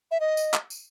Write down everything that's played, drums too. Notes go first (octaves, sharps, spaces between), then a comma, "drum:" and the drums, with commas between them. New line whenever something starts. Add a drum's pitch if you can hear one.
E5
D#5
drum: tambourine
drum: clap
drum: tambourine